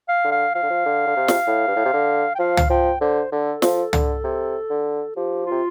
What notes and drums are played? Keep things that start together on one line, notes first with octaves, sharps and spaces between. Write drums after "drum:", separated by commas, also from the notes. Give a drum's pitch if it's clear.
F5
D3
F5
F3 F5
D3
F3
D3
D3
C3
drum: snare
A2
G2
A2
C3
D3
G5
F3 F5
drum: tom
F3 G5
D3 C5
D3 A4
F3, drum: snare
D3, drum: tom
C3
D3
F3 G4
C3 F4